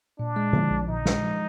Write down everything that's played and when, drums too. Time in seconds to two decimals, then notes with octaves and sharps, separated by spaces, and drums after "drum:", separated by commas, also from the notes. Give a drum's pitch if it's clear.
0.19 A#2 D4
0.36 G#3
0.53 F3, drum: tom D3
0.70 A#1
0.88 A#2 D#4
1.06 G#3, drum: snare
1.23 F3